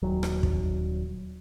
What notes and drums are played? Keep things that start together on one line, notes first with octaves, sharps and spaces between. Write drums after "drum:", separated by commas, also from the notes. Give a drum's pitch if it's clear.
D#1 F#3
drum: rim click
drum: kick